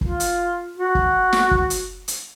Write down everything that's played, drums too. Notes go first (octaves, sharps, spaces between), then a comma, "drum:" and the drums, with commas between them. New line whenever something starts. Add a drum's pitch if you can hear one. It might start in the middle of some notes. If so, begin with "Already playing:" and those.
F4, drum: kick
drum: hi-hat
F#4
drum: kick
drum: snare
drum: kick
drum: hi-hat
drum: hi-hat